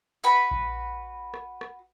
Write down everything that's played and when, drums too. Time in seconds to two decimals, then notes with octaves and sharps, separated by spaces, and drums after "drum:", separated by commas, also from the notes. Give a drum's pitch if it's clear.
0.24 F#4 B4 B5
0.51 drum: kick A#1
1.34 drum: rim click
1.61 drum: rim click